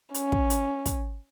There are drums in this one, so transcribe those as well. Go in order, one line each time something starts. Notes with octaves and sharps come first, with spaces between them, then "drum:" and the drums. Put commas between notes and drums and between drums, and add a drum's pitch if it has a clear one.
C#4, drum: hi-hat
drum: kick
drum: hi-hat
drum: kick, hi-hat